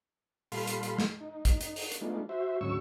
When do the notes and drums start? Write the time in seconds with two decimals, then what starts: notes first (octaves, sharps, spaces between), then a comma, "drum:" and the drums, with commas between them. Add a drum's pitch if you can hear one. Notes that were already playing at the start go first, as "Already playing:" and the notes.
0.52 A#2 G3 A4 F5 B5 C6, drum: open hi-hat
0.67 drum: hi-hat
0.83 drum: hi-hat
0.98 drum: snare
1.21 D#4
1.45 drum: kick, hi-hat
1.61 drum: hi-hat
1.76 drum: open hi-hat
1.92 drum: hi-hat
2.01 G#3 A3 B3 D4 D#4 F4
2.29 F#4 C5 E5
2.61 D2 G#2 F#3 C#4 C#6 E6